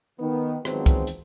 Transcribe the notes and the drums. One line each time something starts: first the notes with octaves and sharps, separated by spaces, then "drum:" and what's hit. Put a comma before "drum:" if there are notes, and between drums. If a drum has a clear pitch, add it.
D#3 B3
D#3 F3 F#3 G#3 B3 C4, drum: rim click
drum: kick C2, hi-hat
drum: hi-hat